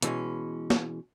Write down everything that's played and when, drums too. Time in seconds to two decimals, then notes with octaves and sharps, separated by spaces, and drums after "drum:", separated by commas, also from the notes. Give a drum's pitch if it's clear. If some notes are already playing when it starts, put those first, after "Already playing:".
0.02 B2 E3 G#3 C#4, drum: hi-hat
0.70 drum: snare